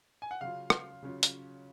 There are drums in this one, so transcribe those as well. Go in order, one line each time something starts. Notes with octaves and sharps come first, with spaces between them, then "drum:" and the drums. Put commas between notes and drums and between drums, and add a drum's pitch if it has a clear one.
G#5
F#5
C#3 F#3 C#4 F4 F5
drum: rim click
C#3 F#3 C#4 F4
drum: hi-hat